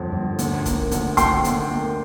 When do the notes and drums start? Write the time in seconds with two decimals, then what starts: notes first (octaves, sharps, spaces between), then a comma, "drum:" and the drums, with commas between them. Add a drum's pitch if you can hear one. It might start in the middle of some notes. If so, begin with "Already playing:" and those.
Already playing: G1 F2
0.12 G1
0.39 D2, drum: hi-hat
0.66 A#3, drum: kick, hi-hat
0.91 D2, drum: hi-hat
1.17 D2 G5 C6, drum: kick, hi-hat
1.44 D2, drum: hi-hat
1.71 A#3